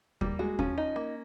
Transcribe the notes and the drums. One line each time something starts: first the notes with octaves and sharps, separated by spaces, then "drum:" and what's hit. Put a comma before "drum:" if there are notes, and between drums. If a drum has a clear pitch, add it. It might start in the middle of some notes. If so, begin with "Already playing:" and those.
G3 A#3, drum: kick D#2
G#3 F#4
F3 C#4, drum: kick D#2
D#4
A#3